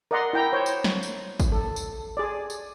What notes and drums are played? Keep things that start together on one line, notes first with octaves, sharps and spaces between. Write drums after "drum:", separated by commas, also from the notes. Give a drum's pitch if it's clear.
A#4 D5 D#5 F#5 A#5 C6
E4 G5 A#5
C5 C#5 G5
drum: tambourine
drum: snare
drum: tambourine
drum: kick G#1, tambourine
A4
drum: tambourine
G#4 D5
drum: tambourine